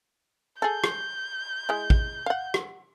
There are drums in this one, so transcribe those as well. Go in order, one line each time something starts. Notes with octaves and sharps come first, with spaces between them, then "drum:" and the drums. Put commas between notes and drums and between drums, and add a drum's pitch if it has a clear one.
G#4 A4 G6
drum: rim click
G#3 E4
drum: kick
F5 F#5
drum: rim click